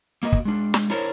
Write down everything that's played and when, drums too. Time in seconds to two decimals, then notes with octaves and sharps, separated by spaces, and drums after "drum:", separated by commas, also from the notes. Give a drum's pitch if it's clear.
0.23 A#3 F#4 D#5
0.32 drum: kick
0.45 G#3 D4
0.74 drum: snare
0.90 D4 E4 F#4 A#4 C5 C#5